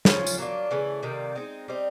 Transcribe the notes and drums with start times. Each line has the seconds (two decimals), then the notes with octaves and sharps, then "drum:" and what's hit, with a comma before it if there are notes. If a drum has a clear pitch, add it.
0.05 F3 A3 C#4 F4, drum: snare
0.27 drum: tambourine
0.38 F#3 A#3 D4 F4
0.71 C#3 E3 A3
1.03 C3 D#3 G3 A#3
1.35 G#3 C4 D#4
1.68 G3 C4 D#4